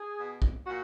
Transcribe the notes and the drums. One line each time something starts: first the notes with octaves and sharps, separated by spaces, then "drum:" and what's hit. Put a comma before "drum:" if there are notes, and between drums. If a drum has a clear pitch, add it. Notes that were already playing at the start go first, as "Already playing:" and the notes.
Already playing: G#4
B2
drum: kick
A#2 F#4